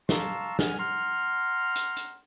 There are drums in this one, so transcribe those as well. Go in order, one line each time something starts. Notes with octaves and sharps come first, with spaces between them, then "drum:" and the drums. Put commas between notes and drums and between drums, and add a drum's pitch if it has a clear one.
F5 A5 A#5 C6 C#6 E6, drum: snare
G#4 F#5 G#5 F6, drum: snare
F#5 A#5 C6 F6
drum: hi-hat
drum: hi-hat